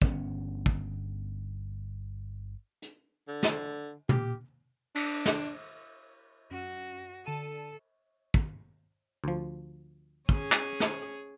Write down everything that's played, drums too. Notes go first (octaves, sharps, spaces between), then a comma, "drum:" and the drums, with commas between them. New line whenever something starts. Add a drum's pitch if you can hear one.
G1 B3 C#4, drum: kick
drum: kick
drum: hi-hat
D3
drum: snare
A#2 G4, drum: tom
D4, drum: cymbal
drum: snare
F#2 F#4
D3 A4 A5 D#7
drum: kick
D2 F3
C#4 G#4, drum: kick
drum: clap
drum: snare